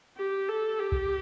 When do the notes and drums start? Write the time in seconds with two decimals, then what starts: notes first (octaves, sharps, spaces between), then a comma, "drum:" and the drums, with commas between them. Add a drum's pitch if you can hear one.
0.17 G4
0.49 A4
0.80 G4
0.92 drum: kick B1